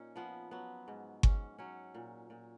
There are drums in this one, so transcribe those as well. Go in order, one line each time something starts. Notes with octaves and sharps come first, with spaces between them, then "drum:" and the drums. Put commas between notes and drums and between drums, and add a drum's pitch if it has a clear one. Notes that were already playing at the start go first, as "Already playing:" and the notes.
Already playing: A#2 C#4 D#4
F3 B3
F#3 B3
G#2
G#2 C#4, drum: kick G1
F#3 C#4
A#2
A#2